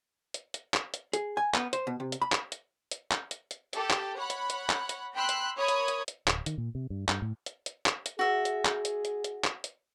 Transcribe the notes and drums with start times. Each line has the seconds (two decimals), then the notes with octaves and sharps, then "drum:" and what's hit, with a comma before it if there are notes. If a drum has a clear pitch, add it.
0.34 drum: hi-hat
0.54 drum: hi-hat
0.74 drum: clap
0.94 drum: hi-hat
1.13 G#4, drum: hi-hat
1.37 G#5
1.54 B3, drum: clap
1.73 C5, drum: hi-hat
1.87 B2
2.00 C3
2.12 drum: hi-hat
2.22 B5
2.32 drum: clap
2.52 drum: hi-hat
2.91 drum: hi-hat
3.11 drum: clap
3.31 drum: hi-hat
3.51 drum: hi-hat
3.73 G4 A4, drum: hi-hat
3.90 drum: clap
4.16 C#5 F#5 B5
4.30 drum: hi-hat
4.50 drum: hi-hat
4.69 drum: clap
4.89 drum: hi-hat
5.13 G5 B5 C6 E6 F#6
5.29 drum: hi-hat
5.57 A#4 C#5 B5 D#6 G#6
5.68 drum: hi-hat
5.88 drum: hi-hat
6.08 drum: hi-hat
6.27 D1, drum: clap
6.46 D#3, drum: hi-hat
6.58 A#2
6.75 C3
6.90 G2
7.08 G2, drum: clap
7.22 A2
7.46 drum: hi-hat
7.66 drum: hi-hat
7.86 drum: clap
8.06 drum: hi-hat
8.19 F#4 G#4 E5
8.45 drum: hi-hat
8.65 drum: clap
8.85 drum: hi-hat
9.05 drum: hi-hat
9.24 drum: hi-hat
9.44 drum: clap
9.64 drum: hi-hat